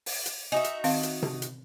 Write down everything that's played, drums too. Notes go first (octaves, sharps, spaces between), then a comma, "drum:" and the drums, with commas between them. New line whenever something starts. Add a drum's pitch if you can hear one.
drum: open hi-hat
drum: hi-hat
D#4 F#4 E5 G#5
drum: hi-hat
D#3 C4 F5, drum: open hi-hat
drum: hi-hat
drum: tom C3
drum: hi-hat